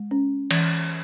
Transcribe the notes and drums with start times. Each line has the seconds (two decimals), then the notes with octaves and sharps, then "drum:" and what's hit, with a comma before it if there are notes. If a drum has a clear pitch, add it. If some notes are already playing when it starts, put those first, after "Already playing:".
Already playing: G#3
0.11 C#4
0.51 E3, drum: cymbal